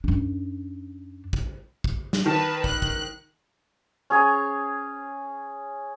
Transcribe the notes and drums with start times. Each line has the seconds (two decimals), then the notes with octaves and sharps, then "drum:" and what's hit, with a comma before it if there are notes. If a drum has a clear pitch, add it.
0.04 F#2 D4
1.33 drum: kick
1.84 drum: kick
2.13 drum: snare
2.26 D#3 B4 A5
2.64 F#6, drum: kick
2.82 drum: kick
4.10 C#4 G#4 G#5 A#5